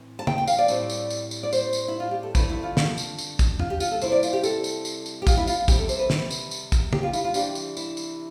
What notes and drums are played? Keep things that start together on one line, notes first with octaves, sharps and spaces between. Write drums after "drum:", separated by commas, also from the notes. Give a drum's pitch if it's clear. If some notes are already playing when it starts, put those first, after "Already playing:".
Already playing: A2 E3 C4
A5
G5, drum: tom
G5
F5, drum: tambourine
D5
A2 G3 C4 E4, drum: tambourine
drum: tambourine
drum: tambourine
drum: tambourine
D5
C5, drum: tambourine
drum: tambourine
E4
F4
G4
A4
G2 D3 A3 C4 E4 B4, drum: kick, tambourine
E4
F4
drum: snare
drum: tambourine
drum: tambourine
drum: kick, tambourine
F4, drum: tom
G4
F4, drum: tambourine
A4
C3 G3 C4 E4 C5, drum: tambourine
D5
F4, drum: tambourine
G4
A4, drum: tambourine
drum: tambourine
drum: tambourine
drum: tambourine
G4
F4, drum: kick, tambourine
E4
F4, drum: tambourine
C3 G3 C4 E4 G4, drum: kick, tambourine
A4
C5, drum: tambourine
B4
drum: snare
drum: tambourine
drum: tambourine
drum: kick, tambourine
G4, drum: tom
F4
E4, drum: tambourine
F4
C3 E3 G3 D4 G4, drum: tambourine
drum: tambourine
E4, drum: tambourine
drum: tambourine